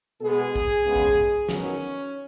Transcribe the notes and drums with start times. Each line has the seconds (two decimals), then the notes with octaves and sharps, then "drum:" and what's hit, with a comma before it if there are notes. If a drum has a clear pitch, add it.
0.21 B2 G#3 B3 G#4
0.55 drum: kick
0.84 C#3 G#3 B3
0.96 drum: kick
1.09 drum: kick
1.49 D#3 F#3 B3 C#4, drum: snare